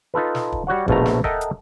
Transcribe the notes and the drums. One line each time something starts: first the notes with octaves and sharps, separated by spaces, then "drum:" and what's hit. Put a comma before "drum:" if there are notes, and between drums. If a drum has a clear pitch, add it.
D#4 F4 A4 B4
drum: snare
drum: kick
G3 F#4 C#5 F#5
A#1 B2 F3 A3 A#5, drum: kick
drum: snare
A4 A#4 D#5 E5 F#5 G5, drum: kick
drum: hi-hat